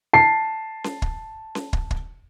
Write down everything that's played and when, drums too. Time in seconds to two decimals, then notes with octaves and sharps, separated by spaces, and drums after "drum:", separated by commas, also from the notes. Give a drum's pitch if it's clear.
0.13 A5 C7
0.84 drum: snare C#4
1.02 drum: kick
1.55 drum: snare C#4
1.73 drum: kick
1.91 drum: kick